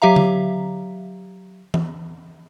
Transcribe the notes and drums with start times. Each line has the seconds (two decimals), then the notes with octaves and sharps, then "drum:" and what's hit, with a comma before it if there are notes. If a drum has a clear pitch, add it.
0.02 F#3 G4 E5 F5 A#5
0.16 drum: tom D3
1.74 drum: tom E3